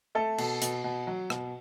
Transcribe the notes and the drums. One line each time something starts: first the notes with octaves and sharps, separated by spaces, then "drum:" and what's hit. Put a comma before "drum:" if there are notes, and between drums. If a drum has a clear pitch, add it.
A3 A4
B2, drum: cymbal
B2, drum: hi-hat
B2
F#3
B2, drum: rim click